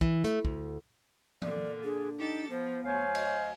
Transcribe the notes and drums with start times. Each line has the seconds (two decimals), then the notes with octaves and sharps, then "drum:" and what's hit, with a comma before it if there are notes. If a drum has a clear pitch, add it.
0.01 E3, drum: kick
0.24 A3, drum: hi-hat
0.45 D2, drum: kick
1.42 A#2 D3 D5, drum: tom E3
1.84 D4 G#4
2.19 D#4 G4 A4 A6
2.50 F3 B3 C5
2.85 D2 F#3 C5 C#5 F5 G#5
3.15 D#5, drum: cymbal